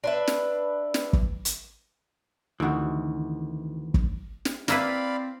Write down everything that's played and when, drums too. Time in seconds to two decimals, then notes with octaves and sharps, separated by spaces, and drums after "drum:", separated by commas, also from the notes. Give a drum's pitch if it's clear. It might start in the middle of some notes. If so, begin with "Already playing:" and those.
0.04 D4 B4 E5
0.27 drum: snare
0.94 drum: snare
1.13 drum: kick
1.45 drum: hi-hat
2.60 D2 C3 D#3 E3 F#4
3.94 drum: kick
4.45 drum: snare
4.68 A#3 C4 E4 B4 D5 F5 B5, drum: snare